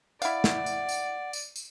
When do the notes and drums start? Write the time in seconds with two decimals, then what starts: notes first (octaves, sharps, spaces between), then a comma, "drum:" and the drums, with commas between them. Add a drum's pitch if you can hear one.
0.22 E4 D5 F5 F#5, drum: tambourine
0.44 drum: snare
0.66 drum: tambourine
0.89 drum: tambourine
1.33 drum: tambourine
1.56 drum: tambourine